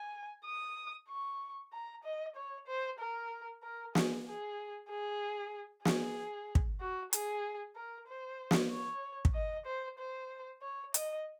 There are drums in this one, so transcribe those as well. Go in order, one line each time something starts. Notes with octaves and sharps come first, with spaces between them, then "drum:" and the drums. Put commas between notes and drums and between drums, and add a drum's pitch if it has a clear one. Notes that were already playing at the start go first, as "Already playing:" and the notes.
Already playing: G#5
D#6
C#6
A#5
D#5
C#5
C5
A#4
A#4
G#4, drum: snare
G#4
G#4
G#4, drum: snare
drum: kick
F#4
G#4, drum: hi-hat
A#4
C5
drum: snare
C#5
drum: kick
D#5
C5
C5
C#5
D#5, drum: hi-hat